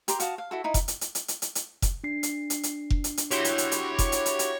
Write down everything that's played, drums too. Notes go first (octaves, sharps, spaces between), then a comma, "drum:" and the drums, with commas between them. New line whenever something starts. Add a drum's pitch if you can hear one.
G4 A#4 C6, drum: hi-hat
F#4 F5 A5 D#6, drum: hi-hat
F5
E4 F#4 A4
D#4 E4
drum: kick F1, hi-hat
drum: hi-hat
drum: hi-hat
drum: hi-hat
drum: hi-hat
drum: hi-hat
drum: hi-hat
drum: kick F1, hi-hat
D4 C7
drum: hi-hat
drum: hi-hat
drum: hi-hat
drum: kick F1
drum: hi-hat
drum: hi-hat
E4 F#4 G4 C#5 C6, drum: hi-hat
drum: hi-hat
drum: hi-hat
drum: hi-hat
drum: kick F1, hi-hat
drum: hi-hat
drum: hi-hat
drum: hi-hat